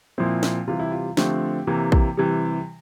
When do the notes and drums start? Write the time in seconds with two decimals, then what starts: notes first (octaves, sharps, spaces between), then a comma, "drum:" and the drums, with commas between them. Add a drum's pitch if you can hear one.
0.18 A#2 F3 C4 E4
0.43 drum: snare
0.67 C3 E3 G3 F4
0.80 E4
0.91 F4
1.17 D3 F3 A3 C4 G4, drum: snare
1.67 C3 E3 A#3
1.92 drum: kick
2.17 C3 E3 G3